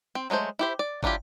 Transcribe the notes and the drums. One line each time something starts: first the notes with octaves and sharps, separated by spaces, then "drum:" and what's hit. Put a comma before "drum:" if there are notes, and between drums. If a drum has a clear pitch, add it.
C4
F#3 G#3 A3 C5
E4 G4 C5
D5
F#3 D4 E4 F4 G4, drum: kick